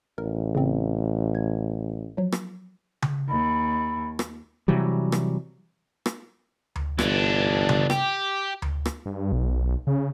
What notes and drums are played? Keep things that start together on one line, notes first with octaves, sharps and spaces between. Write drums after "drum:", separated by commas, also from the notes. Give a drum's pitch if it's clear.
A1 A#4
C#3 C4
G#6
F3 F#3
drum: rim click
drum: tom C#3
D#2 B5
drum: rim click
C3 E3 F#3 G3
drum: rim click
drum: rim click
drum: tom D2
G1 E3 D4, drum: rim click
drum: tom C#3
G4, drum: rim click
drum: tom D2
drum: rim click
G2
B1
C#3